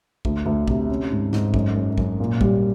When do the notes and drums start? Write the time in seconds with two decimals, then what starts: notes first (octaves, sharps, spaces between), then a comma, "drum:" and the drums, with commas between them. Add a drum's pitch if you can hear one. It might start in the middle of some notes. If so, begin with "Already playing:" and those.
0.25 D2, drum: kick
0.46 D2
0.68 C3, drum: kick
0.89 C#4
1.11 G#2
1.33 G#2, drum: snare
1.54 F#2, drum: kick
1.76 F#2
1.98 F#2, drum: kick
2.20 A#2
2.41 G3, drum: kick